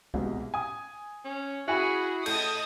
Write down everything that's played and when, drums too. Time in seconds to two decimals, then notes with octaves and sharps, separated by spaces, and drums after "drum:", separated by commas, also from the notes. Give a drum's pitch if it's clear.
0.14 C2 B2 G#3, drum: kick C2
0.54 G#5 D#6
1.25 C#4
1.68 E4 F#4 G#4 E5 G#5 B5
2.26 A2 A4 D#5 A5 D#6 G6, drum: cymbal